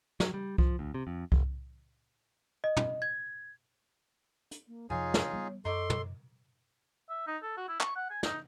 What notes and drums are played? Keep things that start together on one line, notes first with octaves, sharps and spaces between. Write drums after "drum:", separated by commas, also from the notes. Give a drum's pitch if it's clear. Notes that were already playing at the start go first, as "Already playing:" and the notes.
F#3, drum: snare
G3
F3, drum: kick C2
D2
C3
F2
F1, drum: kick C2
D#5
drum: tom
G#6
drum: hi-hat
A#3
F2 C3 F3 D#4 F4 G#4 C#5 G#5
drum: snare
G3 B3
F#2 D#4 A4 C#5 C6 D6
drum: tom
E5
D#4
A4
F#4
E4
C#6, drum: clap
F#5
G#5
D#4, drum: snare